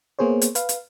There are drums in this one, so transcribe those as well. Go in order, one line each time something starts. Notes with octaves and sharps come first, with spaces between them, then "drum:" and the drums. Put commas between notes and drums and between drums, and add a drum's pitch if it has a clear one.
A#3 B3 G#4 C5 C#5
drum: hi-hat
B4 F5, drum: hi-hat
drum: hi-hat